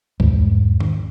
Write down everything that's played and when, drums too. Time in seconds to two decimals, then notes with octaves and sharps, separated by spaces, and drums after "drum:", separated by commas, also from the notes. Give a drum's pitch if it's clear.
0.20 E2 G#2, drum: kick C#2
0.80 drum: tom D#3